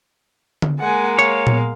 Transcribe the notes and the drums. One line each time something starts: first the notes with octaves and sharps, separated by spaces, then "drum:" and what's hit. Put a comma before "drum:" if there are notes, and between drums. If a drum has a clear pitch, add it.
drum: tom D3
G#3 A#3 F#5 G#5
C#5 F5
drum: tom A#2